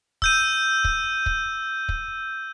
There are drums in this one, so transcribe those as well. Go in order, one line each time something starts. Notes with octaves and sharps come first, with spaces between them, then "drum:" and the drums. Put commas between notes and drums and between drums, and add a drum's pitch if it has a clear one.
E6 G6 D#7, drum: kick
drum: kick
drum: kick
drum: kick